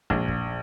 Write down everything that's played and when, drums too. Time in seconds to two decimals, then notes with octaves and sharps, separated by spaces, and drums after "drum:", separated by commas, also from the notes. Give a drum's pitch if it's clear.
0.10 A#1, drum: kick
0.28 drum: kick